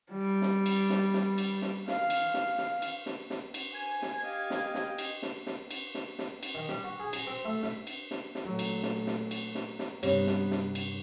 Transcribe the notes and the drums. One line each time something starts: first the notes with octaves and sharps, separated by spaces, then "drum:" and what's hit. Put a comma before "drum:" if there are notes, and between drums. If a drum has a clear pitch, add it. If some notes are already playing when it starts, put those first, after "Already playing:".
G3
drum: snare
drum: cymbal
drum: snare
drum: snare
drum: cymbal
drum: snare
F5, drum: snare
drum: cymbal
drum: snare
drum: snare
drum: cymbal
drum: snare
drum: snare
drum: cymbal
C5 G#5 G#6
drum: snare
G4 D#5 F5 G#5
drum: snare
drum: snare
drum: cymbal
drum: snare
drum: snare
drum: cymbal
drum: snare
drum: snare
drum: cymbal
D#3
G3, drum: snare
F#4
G#4
A#5, drum: cymbal
C4
A3
E5, drum: snare
drum: cymbal
drum: snare
drum: snare
A#2 F#3 A3
drum: cymbal
drum: snare
drum: snare
drum: cymbal
drum: snare
drum: snare
G2 C3 B3 C#5, drum: cymbal
drum: snare
drum: snare
drum: cymbal